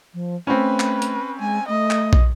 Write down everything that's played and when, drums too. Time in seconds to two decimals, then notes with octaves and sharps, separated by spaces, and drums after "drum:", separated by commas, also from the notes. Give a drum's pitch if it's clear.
0.14 F3
0.47 A3 C4 C#4 B4
0.80 drum: clap
1.02 drum: hi-hat
1.40 G#3 G#5
1.68 A3 D#5
1.91 drum: clap
2.13 drum: kick